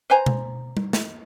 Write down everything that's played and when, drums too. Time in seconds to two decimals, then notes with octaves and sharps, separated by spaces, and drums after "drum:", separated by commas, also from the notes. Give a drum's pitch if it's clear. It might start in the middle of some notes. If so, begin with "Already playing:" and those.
0.10 B4 C5 G#5 A#5
0.26 drum: tom B2
0.77 drum: tom G3
0.93 drum: snare